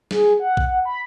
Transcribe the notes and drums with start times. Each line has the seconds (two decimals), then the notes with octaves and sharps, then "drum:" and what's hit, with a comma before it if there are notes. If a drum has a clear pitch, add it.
0.11 G#4, drum: snare
0.40 F#5
0.57 drum: kick
0.67 F#5
0.85 B5